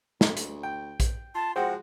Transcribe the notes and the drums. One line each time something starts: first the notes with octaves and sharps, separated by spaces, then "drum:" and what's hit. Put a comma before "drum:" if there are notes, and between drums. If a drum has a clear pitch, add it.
D2, drum: snare
drum: hi-hat
G5
drum: kick A#1, hi-hat
F4 A5
F3 G#3 F#4 C5 F#5 G5